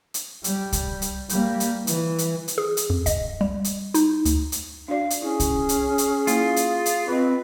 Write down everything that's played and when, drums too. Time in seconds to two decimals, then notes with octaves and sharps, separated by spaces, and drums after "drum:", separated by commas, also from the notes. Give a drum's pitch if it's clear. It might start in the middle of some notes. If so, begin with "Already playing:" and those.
0.14 drum: hi-hat
0.44 G3, drum: hi-hat
0.72 drum: kick C2, hi-hat
1.02 drum: hi-hat
1.29 G3 A#3, drum: hi-hat
1.60 drum: hi-hat
1.87 E3, drum: hi-hat
2.18 drum: hi-hat
2.48 drum: hi-hat
2.58 G#4
2.77 drum: hi-hat
2.90 F2
3.06 D#5, drum: kick C2, hi-hat
3.41 G3
3.64 drum: hi-hat
3.94 D#4, drum: hi-hat
4.25 D2, drum: hi-hat
4.52 drum: hi-hat
4.88 D4 F#4 D5 F5
5.10 drum: hi-hat
5.22 C#4 E4 G#4
5.40 drum: kick C2, hi-hat
5.69 drum: hi-hat
5.98 drum: hi-hat
6.27 A#3 E4 F4, drum: hi-hat
6.56 drum: hi-hat
6.86 drum: hi-hat
7.08 C4 F4 B4 D#5